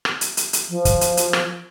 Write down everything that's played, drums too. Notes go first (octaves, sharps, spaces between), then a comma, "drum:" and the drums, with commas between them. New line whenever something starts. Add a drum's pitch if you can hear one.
drum: rim click
drum: hi-hat
drum: hi-hat
drum: hi-hat
F3
drum: kick, hi-hat
drum: hi-hat
drum: hi-hat
drum: rim click